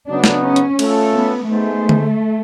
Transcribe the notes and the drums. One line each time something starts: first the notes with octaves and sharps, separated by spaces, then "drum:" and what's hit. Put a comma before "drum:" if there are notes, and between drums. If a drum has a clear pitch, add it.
C#3 F#3 B3 D4 D#4
drum: snare
C#4
drum: hi-hat
A3 C#4 F4 A4, drum: cymbal
B3
A3 B3 D#4 G#4 C5
drum: tom D3